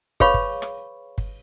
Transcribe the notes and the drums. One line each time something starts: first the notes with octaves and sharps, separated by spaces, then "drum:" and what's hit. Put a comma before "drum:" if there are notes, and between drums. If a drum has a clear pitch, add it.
G#4 B4 C#5 F5 B5 C#6, drum: kick
drum: kick
drum: rim click
drum: kick